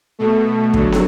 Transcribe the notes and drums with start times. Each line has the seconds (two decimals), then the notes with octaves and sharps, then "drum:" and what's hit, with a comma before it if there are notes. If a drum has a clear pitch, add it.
0.19 B2 A3
0.74 D3 F#3, drum: kick
0.92 drum: snare